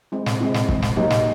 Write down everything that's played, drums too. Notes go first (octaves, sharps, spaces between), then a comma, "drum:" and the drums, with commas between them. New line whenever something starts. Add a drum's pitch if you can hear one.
G#3 C4 E4
drum: snare
G#3 C4 E4
drum: snare
G#3 C4 E4, drum: kick
drum: snare
F#3 A#3 D#4 G4
drum: snare